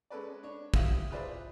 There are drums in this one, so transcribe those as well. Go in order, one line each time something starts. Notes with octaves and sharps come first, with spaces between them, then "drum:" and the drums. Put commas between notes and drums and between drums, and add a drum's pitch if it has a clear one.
G#3 C#4 A4 B4 D5
D4 C#5
E4 F#4 G4 E5 F5 D#6, drum: kick
F4 G#4 B4 C5 D5 E5